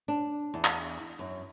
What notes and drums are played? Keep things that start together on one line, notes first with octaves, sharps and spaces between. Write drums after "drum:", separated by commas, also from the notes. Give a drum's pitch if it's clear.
D4
E2
drum: clap
F#2